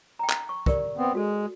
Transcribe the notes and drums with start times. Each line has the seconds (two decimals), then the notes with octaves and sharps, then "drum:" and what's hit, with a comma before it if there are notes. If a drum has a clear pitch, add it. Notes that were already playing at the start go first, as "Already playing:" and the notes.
0.19 G5 A#5
0.30 drum: clap
0.49 C#6
0.66 G4 A#4 D5, drum: kick
0.97 B3 C4
1.15 G#3 F#4 A4